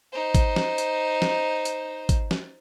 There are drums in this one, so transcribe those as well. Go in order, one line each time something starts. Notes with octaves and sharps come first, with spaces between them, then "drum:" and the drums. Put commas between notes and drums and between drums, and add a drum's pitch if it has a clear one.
D#4 C5
drum: kick, hi-hat
drum: snare
drum: hi-hat
drum: snare
drum: hi-hat
drum: kick, hi-hat
drum: snare